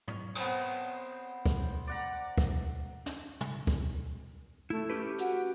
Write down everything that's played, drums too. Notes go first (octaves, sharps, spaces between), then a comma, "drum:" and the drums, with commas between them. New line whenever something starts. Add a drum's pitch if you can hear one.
C#5, drum: tom
B3 C4 C5, drum: cymbal
drum: kick C#2
D5 F#5 A#5
drum: kick C#2
drum: snare
drum: tom
drum: kick C#2
A3 E4
C#4 G4 B4
F#4, drum: hi-hat